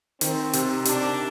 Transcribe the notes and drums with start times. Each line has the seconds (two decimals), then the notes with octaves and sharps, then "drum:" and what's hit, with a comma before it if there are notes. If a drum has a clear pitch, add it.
0.21 D#3 C4, drum: hi-hat
0.53 C3, drum: hi-hat
0.85 C3 D4, drum: hi-hat